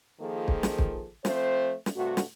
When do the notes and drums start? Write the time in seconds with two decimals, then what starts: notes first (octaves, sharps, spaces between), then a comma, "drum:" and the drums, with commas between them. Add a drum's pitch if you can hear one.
0.20 D#3 F3 A#3 F4 G#4 A4
0.48 drum: kick
0.63 drum: snare
0.79 drum: kick
1.25 F3 A3 C4 C5, drum: snare
1.86 drum: snare
1.96 G2 C3 A3 F#4
2.17 drum: snare